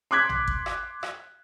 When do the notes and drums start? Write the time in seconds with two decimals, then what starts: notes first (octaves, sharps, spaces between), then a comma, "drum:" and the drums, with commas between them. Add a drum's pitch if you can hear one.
0.11 C6 D6 F#6 G#6 B6
0.29 drum: tom
0.48 drum: kick
0.66 drum: rim click
1.03 drum: rim click